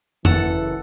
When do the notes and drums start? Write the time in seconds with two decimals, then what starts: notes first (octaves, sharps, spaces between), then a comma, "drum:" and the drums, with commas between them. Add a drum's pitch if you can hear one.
0.25 F#1 E3 A4 F#5, drum: tom F2